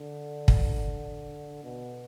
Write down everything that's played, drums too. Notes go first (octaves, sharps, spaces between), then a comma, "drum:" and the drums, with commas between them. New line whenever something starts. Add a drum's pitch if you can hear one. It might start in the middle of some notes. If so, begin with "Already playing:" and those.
Already playing: D3
drum: kick
B2